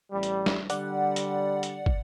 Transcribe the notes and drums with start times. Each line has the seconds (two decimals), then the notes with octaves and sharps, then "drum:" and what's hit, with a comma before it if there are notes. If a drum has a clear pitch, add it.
0.11 A1 G3
0.23 drum: hi-hat
0.46 drum: snare
0.70 D3 G3 D5 F#5, drum: hi-hat
1.16 drum: hi-hat
1.63 drum: hi-hat
1.86 drum: kick